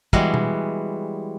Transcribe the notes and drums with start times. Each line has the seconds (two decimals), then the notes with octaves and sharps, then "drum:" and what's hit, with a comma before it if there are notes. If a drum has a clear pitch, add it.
0.13 E3 G3 G#3 B3 F#4, drum: kick
0.34 drum: tom B2